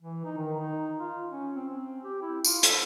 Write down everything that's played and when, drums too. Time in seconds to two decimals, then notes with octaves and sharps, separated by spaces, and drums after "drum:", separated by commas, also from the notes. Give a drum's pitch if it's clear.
0.02 E3
0.25 D#4
0.37 D#3
0.60 D#4
1.00 F4
1.30 C#4
1.56 C4
1.71 C4
2.04 G4
2.22 E4
2.45 F4, drum: tambourine
2.63 A4, drum: hi-hat